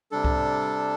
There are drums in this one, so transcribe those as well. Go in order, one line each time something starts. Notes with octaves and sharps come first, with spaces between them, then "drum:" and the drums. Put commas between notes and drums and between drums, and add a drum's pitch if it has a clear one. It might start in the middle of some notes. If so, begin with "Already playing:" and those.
C3 G3 D4 A4
drum: kick C2